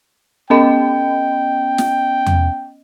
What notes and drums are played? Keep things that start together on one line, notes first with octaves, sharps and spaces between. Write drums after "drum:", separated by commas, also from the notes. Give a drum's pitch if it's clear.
B3 C#4 D#5 G5
drum: snare
drum: tom E2